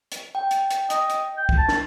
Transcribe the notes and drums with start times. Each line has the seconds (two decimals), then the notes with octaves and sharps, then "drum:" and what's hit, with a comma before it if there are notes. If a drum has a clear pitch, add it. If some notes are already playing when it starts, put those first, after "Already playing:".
0.12 drum: hi-hat
0.35 G5
0.51 drum: hi-hat
0.70 drum: hi-hat
0.90 D#5, drum: hi-hat
1.10 drum: hi-hat
1.37 G5
1.49 drum: kick
1.58 A5
1.69 drum: snare